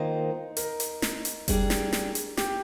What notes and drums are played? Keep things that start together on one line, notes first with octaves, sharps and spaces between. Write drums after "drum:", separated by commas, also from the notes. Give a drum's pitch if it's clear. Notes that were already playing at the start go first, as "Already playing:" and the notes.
Already playing: D#3 A#3 D#4 F4 C5
A#4, drum: hi-hat
drum: hi-hat
drum: snare
drum: hi-hat
G3 D4 G#4 D5, drum: kick F#1, hi-hat
drum: snare
drum: snare
drum: hi-hat
G4, drum: snare